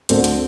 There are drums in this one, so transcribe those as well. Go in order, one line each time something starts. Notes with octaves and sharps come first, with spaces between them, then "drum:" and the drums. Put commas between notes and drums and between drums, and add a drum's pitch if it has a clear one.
D2 D3 C4, drum: hi-hat
drum: hi-hat